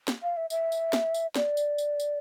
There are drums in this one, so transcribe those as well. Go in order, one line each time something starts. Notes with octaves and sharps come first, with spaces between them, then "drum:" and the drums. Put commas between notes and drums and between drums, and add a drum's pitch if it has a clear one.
drum: snare
F5
E5
E5, drum: tambourine
drum: tambourine
drum: snare
drum: tambourine
D5, drum: snare
drum: tambourine
drum: tambourine
drum: tambourine